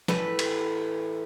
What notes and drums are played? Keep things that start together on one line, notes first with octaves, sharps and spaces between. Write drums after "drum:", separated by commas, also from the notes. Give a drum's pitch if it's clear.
A2 E3 A3 B4, drum: snare
drum: cymbal